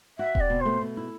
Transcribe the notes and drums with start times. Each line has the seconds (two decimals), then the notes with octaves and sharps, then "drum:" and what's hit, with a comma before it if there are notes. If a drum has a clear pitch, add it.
0.18 F#4 E5
0.35 C4, drum: kick D#1
0.40 D5
0.50 B2
0.60 A3 C5
0.81 B2
0.97 E4